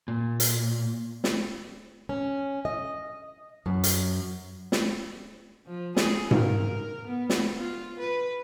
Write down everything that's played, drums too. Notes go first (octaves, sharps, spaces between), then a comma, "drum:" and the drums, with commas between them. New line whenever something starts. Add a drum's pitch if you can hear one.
A#2
drum: hi-hat
drum: snare
C#4
D#5
F#2
drum: hi-hat
drum: snare
F3
G#4, drum: snare
A#4, drum: tom G#2
B3
drum: snare
F4
B4